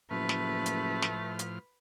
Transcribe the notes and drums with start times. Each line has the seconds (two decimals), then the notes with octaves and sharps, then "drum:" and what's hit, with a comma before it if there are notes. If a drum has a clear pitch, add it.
0.11 F#1 A2 F3 A3 B4 F6
0.29 drum: snare
0.66 drum: hi-hat
1.02 drum: snare
1.39 drum: hi-hat